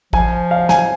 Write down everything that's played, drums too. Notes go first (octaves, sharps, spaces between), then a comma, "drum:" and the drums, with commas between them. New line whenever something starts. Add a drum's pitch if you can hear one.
F3 G#5, drum: kick
F5
G#5, drum: snare